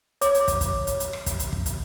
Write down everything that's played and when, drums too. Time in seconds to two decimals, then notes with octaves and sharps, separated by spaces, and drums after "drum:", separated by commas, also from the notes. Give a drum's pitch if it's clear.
0.21 C#5 D6, drum: hi-hat
0.35 drum: hi-hat
0.48 drum: kick, hi-hat
0.61 drum: kick, hi-hat
0.87 drum: hi-hat
1.00 drum: hi-hat
1.13 drum: rim click
1.26 drum: kick, hi-hat
1.39 drum: hi-hat
1.53 drum: kick
1.66 drum: hi-hat